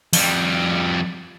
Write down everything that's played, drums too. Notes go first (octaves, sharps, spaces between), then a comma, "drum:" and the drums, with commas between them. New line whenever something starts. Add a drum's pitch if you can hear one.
F2 G3, drum: open hi-hat